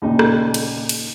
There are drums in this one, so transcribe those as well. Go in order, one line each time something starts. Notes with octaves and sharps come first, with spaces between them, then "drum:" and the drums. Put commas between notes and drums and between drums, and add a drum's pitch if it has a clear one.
D#2 A#2 C#3 D4 D#4 G4
drum: rim click
drum: cymbal
drum: cymbal